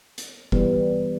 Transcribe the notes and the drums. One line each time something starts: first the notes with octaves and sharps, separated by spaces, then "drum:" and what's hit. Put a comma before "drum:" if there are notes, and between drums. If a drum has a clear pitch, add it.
drum: hi-hat
E3 G3 B3, drum: kick